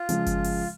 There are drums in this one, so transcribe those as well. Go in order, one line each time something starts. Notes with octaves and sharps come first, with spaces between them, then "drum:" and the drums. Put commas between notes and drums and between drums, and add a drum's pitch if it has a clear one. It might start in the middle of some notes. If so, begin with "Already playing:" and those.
Already playing: F4
C#3 F3 G#3, drum: hi-hat
drum: kick G1, hi-hat
drum: open hi-hat